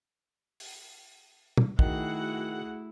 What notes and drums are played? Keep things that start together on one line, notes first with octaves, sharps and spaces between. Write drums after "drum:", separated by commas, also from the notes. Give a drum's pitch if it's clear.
drum: open hi-hat
drum: tom
D#3 A3 E4 F#4 G#4 F#5, drum: kick